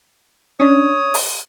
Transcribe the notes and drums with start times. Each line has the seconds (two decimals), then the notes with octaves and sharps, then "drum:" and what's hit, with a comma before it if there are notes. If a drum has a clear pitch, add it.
0.60 C#4 D4 C#5 D#6
1.14 drum: open hi-hat